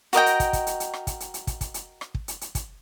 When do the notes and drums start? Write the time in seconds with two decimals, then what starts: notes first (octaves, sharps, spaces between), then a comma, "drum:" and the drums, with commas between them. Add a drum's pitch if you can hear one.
0.13 F#4 A#4 D#5 G5, drum: hi-hat
0.26 drum: hi-hat
0.40 drum: kick, hi-hat
0.53 drum: kick, hi-hat
0.67 drum: hi-hat
0.80 drum: hi-hat
0.93 drum: rim click
1.07 drum: kick, hi-hat
1.20 drum: hi-hat
1.34 drum: hi-hat
1.47 drum: kick, hi-hat
1.61 drum: kick, hi-hat
1.74 drum: hi-hat
2.01 drum: rim click
2.14 drum: kick
2.28 drum: hi-hat
2.41 drum: hi-hat
2.55 drum: kick, hi-hat